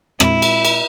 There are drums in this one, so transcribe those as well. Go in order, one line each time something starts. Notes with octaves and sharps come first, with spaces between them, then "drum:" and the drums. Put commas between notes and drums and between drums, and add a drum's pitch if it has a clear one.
A#2 G#3 C4 E4, drum: rim click
drum: cymbal
drum: cymbal